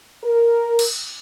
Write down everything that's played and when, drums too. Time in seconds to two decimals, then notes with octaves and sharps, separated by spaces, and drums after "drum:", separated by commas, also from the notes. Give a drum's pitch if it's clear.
0.23 A#4
0.79 drum: cymbal